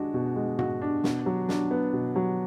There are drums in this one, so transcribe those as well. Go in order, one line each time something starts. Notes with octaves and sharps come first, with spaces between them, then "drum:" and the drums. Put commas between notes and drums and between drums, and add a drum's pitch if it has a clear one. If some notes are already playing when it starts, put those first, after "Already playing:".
Already playing: G#3 D4 F#4
B2
G#3
F#4, drum: tom G#2
D4
B2, drum: snare
F#3
D4, drum: snare
B3
B2
F#3